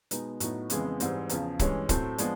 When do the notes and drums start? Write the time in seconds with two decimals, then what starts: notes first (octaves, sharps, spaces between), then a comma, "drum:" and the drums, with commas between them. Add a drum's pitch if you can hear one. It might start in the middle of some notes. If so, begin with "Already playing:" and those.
0.11 B2 G#3 B3 D#4, drum: hi-hat
0.40 A2 F#3 B3 D#4, drum: hi-hat
0.70 F2 C#3 E3 G#3 B3, drum: hi-hat
1.00 G#2 E3 G3 C4, drum: hi-hat
1.29 E2 C#3 F3, drum: hi-hat
1.59 G2 E3 G#3 C#4, drum: kick, hi-hat
1.89 A2 F#3 A3 C4, drum: kick, hi-hat
2.18 F3 G#3 B3 D4, drum: hi-hat